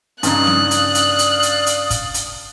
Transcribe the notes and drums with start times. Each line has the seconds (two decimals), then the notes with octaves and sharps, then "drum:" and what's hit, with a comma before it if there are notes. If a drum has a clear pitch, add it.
0.23 G2 C#3 D#4 D5 F5 D#6 F#6, drum: hi-hat
0.47 drum: snare
0.71 drum: hi-hat
0.95 drum: hi-hat
1.19 drum: hi-hat
1.43 drum: hi-hat
1.66 drum: hi-hat
1.90 drum: kick, hi-hat
2.14 drum: hi-hat